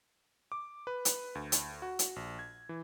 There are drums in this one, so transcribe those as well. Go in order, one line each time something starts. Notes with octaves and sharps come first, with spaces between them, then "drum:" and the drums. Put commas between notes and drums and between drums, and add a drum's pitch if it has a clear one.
D6
B4
drum: hi-hat
D2
drum: hi-hat
F#4
drum: hi-hat
A#1
G#6
E3